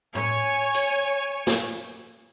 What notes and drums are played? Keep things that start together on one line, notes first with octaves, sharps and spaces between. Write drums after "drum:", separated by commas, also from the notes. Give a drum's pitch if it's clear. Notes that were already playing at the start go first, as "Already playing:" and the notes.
C#5 G#5, drum: tom A2
drum: hi-hat
drum: snare